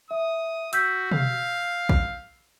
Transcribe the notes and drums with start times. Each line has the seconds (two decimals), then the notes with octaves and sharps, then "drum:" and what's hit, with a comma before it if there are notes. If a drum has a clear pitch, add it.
0.11 E5 D#6
0.73 F#4 E6 G6 B6, drum: hi-hat
1.11 F5, drum: tom
1.89 drum: kick